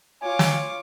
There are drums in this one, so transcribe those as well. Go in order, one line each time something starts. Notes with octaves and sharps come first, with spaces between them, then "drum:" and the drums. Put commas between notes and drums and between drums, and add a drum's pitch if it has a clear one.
F4 C#5 G#5 D6
drum: snare